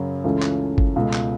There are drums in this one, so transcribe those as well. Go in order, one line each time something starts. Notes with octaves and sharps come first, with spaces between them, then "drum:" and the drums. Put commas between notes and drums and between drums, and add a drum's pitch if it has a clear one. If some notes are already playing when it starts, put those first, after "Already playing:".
Already playing: F#2 C#3 F#3
C#2 C#3 E3 A3 C#4
drum: clap
drum: kick
C#2 B2 A3
drum: clap